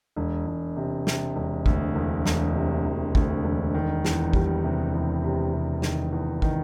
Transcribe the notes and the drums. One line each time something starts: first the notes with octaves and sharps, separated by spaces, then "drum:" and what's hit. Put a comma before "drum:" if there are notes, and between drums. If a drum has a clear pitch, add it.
E1
E1
C3
C3, drum: snare
E1
D2, drum: kick
E1
E1, drum: snare
C3
E1
D2, drum: kick
E1
D#3
E2, drum: snare
G3, drum: kick
C3
E2
C3
C3
D#3, drum: snare
E2
D#3, drum: kick